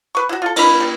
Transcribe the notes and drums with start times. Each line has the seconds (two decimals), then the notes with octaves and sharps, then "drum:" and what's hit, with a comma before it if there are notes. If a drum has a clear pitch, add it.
0.15 B4 C#6
0.29 E4 F#4
0.42 F4 A4
0.56 A#4 B5, drum: cymbal
0.80 G3